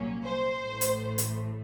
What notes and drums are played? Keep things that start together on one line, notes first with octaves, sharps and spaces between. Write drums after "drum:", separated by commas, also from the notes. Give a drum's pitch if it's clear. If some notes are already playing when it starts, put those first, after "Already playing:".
Already playing: C2 A#2 F#3 A#3 C#4
C5
A1 A2 A3
drum: hi-hat
drum: hi-hat